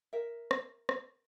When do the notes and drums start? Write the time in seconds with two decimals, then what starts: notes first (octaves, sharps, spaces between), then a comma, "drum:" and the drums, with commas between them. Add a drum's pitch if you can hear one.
0.13 A#4 E5
0.51 drum: rim click
0.89 drum: rim click